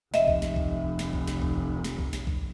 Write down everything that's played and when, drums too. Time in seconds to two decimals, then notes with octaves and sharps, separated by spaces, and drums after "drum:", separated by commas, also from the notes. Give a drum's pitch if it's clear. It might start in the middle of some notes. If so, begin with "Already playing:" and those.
0.14 F1 D#5 E5, drum: snare
0.28 drum: kick A#1
0.42 drum: snare
0.56 drum: kick A#1
0.99 drum: snare
1.13 drum: kick A#1
1.28 drum: snare
1.42 drum: kick A#1
1.84 drum: snare
1.99 drum: kick A#1
2.13 drum: snare
2.27 drum: kick A#1